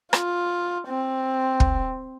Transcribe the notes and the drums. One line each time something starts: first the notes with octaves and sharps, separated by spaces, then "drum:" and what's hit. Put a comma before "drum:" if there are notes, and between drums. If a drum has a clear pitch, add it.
F4, drum: rim click
C4
drum: kick